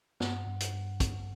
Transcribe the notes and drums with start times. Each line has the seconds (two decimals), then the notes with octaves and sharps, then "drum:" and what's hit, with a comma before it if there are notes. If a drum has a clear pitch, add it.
0.20 G2 F#5, drum: snare
0.47 G2
0.60 drum: hi-hat
0.74 G2
1.00 G2, drum: kick, hi-hat